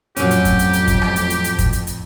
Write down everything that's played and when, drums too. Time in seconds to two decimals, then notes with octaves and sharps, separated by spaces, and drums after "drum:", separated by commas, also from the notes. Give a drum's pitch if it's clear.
0.17 F2 A2 F#3 C#4 G4, drum: hi-hat
0.31 drum: hi-hat
0.45 drum: kick, hi-hat
0.59 drum: hi-hat
0.73 drum: hi-hat
0.87 drum: kick, hi-hat
1.02 drum: rim click
1.16 drum: hi-hat
1.30 drum: hi-hat
1.44 drum: hi-hat
1.58 drum: kick, hi-hat
1.73 drum: hi-hat
1.87 drum: hi-hat